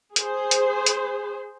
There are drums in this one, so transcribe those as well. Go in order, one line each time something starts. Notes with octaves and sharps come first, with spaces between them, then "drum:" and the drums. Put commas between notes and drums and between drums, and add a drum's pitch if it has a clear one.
G#4 C5, drum: hi-hat
drum: hi-hat
drum: hi-hat